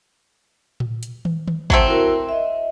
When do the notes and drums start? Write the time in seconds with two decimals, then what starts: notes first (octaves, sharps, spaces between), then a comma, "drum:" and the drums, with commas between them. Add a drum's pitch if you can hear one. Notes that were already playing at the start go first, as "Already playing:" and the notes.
0.80 drum: tom A2
1.03 drum: hi-hat
1.25 drum: tom
1.48 drum: tom D#3
1.70 F#3 A3 C4, drum: kick
1.87 E4 F#4 A#4
2.29 D#5 E5